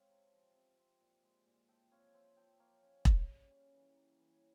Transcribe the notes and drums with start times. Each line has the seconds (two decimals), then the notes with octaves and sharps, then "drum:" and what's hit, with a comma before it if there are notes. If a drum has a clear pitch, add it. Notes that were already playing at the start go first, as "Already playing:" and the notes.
Already playing: G#3 C4 C#5 F5
0.09 C3
0.32 F3
0.55 C3
0.78 C4
1.01 A#2
1.23 G#3
1.46 A#2
1.68 F3 E5 G5
1.92 C4 C#5 F5
2.14 C4 C5 E5
2.37 F3 E5 G5
2.59 A#3 C#5 F5
2.82 C#4
3.05 G3, drum: kick E1
3.28 C#3
3.51 C#4
3.73 E3
3.96 A#3
4.19 E3
4.31 C#5